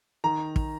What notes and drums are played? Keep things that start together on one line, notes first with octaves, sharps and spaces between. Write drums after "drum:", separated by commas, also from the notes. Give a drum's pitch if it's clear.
D#3 A#5
drum: kick